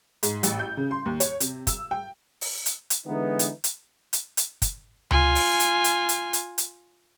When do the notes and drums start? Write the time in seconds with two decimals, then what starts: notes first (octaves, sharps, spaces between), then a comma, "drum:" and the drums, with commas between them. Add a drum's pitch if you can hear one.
0.23 G#2, drum: hi-hat
0.43 A1, drum: hi-hat
0.59 G6
0.77 C#3
0.91 C6
1.06 D#2
1.20 C#5, drum: hi-hat
1.40 C3, drum: hi-hat
1.67 E6, drum: kick, hi-hat
1.91 G5
2.41 drum: open hi-hat
2.66 drum: hi-hat
2.90 drum: hi-hat
3.07 D3 E3 G#3 B3 D#4
3.39 drum: hi-hat
3.64 drum: hi-hat
4.13 drum: hi-hat
4.37 drum: hi-hat
4.62 drum: kick, hi-hat
5.11 F4 G#5, drum: tom C#2
5.35 drum: open hi-hat
5.60 drum: hi-hat
5.84 drum: hi-hat
6.09 drum: hi-hat
6.33 drum: hi-hat
6.58 drum: hi-hat